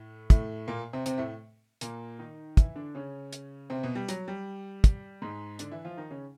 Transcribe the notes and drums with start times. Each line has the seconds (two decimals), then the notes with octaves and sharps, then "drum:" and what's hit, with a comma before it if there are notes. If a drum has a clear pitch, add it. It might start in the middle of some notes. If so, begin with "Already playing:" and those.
Already playing: A2 A3
0.30 A2 A3, drum: kick, hi-hat
0.68 A#2 A#3
0.93 C3 C4
1.06 C3 C4, drum: hi-hat
1.18 A2 A3
1.81 A#2 A#3, drum: hi-hat
2.19 D#3 D#4
2.57 E3 E4, drum: kick, hi-hat
2.75 D3 D4
2.95 C#3 C#4
3.33 drum: hi-hat
3.70 C3 C4
3.83 B2 B3
3.95 G3
4.09 F#3, drum: hi-hat
4.28 G3
4.84 drum: kick, hi-hat
5.22 G#2 G#3
5.59 D3 D4, drum: hi-hat
5.72 E3 E4
5.85 F3 F4
5.97 D#3 D#4
6.11 C#3 C#4